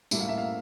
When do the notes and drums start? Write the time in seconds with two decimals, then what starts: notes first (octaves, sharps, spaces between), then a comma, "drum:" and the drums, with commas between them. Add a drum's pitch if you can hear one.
0.11 A2 G3 A#3 E5, drum: tambourine
0.20 F5
0.29 E5
0.38 F5